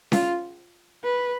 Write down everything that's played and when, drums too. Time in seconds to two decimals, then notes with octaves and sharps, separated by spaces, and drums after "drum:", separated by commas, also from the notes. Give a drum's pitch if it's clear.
0.12 F4, drum: snare C#4
1.04 B4